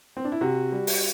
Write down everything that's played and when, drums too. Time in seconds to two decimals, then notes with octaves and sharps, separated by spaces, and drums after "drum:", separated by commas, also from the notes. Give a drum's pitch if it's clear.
0.17 C4
0.24 D4
0.32 E4
0.41 C3 F#4
0.72 G3
0.87 drum: open hi-hat